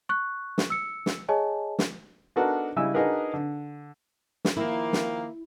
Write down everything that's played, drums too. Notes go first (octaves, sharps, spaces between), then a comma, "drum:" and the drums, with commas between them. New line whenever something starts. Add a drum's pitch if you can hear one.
C#6 F#6
drum: snare
E6 C#7
drum: snare
G#4 C#5 D#5 G#5 A5
drum: snare
B3 D4 D#4 F#4 A4 A#4
C#3 G3 E4 D#5 G#5 E6
D4 D#4 F#4 G#4 A#4 B4
D3
drum: snare
D#3 F3 A#3 E4
drum: snare